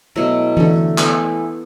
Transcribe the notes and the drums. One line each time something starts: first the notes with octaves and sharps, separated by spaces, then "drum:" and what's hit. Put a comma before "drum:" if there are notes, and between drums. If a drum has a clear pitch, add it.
B2 F#3 A3 E4
D3 A3, drum: tom E3
E3 B3 A4, drum: clap